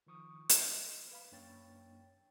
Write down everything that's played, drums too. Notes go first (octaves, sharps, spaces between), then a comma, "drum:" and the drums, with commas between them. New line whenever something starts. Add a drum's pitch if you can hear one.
D#3 F3 C#6 D#6
D#5, drum: hi-hat
B4 F5 B5
F#2 A#3 D4 C#5 G5 A6